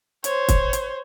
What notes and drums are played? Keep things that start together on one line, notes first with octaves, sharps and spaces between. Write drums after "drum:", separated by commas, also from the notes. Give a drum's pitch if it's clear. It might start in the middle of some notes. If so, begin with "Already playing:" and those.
C5 C#5, drum: hi-hat
drum: kick, hi-hat
drum: hi-hat